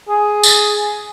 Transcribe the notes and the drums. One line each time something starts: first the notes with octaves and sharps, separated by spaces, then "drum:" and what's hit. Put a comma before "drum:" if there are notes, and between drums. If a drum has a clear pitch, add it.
G#4
drum: tambourine